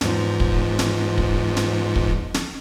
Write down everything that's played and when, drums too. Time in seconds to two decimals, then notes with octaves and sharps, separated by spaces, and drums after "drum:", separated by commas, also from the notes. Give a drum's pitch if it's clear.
0.01 E2 G#2 F3, drum: snare
0.40 drum: kick
0.79 drum: snare
1.18 drum: kick
1.57 drum: snare
1.95 drum: kick
2.34 drum: snare